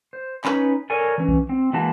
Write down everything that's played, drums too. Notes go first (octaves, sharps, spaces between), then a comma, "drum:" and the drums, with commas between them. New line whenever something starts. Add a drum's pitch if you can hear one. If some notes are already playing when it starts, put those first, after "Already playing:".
C5
C#4 D#4 B4 C#5, drum: clap
A4 A#4 C#5 D5 G#5
E3 C#4
drum: kick B1
C4
E3 G#3 A#3 F#4 A5